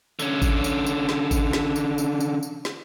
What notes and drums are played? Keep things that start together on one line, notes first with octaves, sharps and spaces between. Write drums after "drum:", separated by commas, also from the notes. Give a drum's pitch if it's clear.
D3 C#4, drum: tambourine
drum: kick G#1, tambourine
drum: tambourine
drum: tambourine
drum: snare
drum: kick G#1, tambourine
drum: snare
drum: tambourine
drum: tambourine
drum: tambourine
drum: tambourine
drum: snare